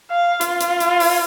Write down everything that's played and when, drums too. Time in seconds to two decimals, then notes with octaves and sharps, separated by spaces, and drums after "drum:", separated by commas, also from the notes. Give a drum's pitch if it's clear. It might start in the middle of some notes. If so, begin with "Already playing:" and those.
0.11 F5
0.41 F4, drum: hi-hat
0.61 drum: hi-hat
0.80 drum: hi-hat
1.00 drum: open hi-hat